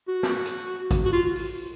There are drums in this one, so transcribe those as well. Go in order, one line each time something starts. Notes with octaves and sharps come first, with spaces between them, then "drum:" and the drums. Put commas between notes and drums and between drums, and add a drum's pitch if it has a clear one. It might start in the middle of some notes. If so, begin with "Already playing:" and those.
F#4
drum: snare
drum: hi-hat
drum: kick, hi-hat
F#4
F4
drum: open hi-hat